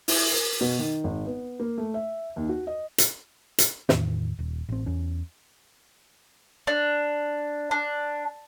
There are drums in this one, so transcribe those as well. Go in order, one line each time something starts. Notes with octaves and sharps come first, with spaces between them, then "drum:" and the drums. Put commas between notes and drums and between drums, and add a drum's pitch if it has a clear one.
E4, drum: open hi-hat
A#4
B2
D#3
G#1
B3
A#3
A3
E5
D#2
F#4
D#5
drum: hi-hat
drum: hi-hat
E2 A2 D#3, drum: snare
D#1
A1 C4
E2 C#4
D4
D4